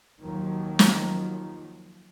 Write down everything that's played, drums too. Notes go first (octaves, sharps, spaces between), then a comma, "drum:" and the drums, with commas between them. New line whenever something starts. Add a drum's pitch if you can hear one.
D#2 D#3 F3 F#3
drum: snare